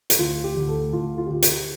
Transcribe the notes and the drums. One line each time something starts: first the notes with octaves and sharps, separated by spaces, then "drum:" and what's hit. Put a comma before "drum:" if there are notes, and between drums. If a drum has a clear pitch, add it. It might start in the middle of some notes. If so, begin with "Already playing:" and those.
drum: hi-hat
D2 F4
G4
D2
A4
D2 F4
F4
G4
D3 F4
G4, drum: hi-hat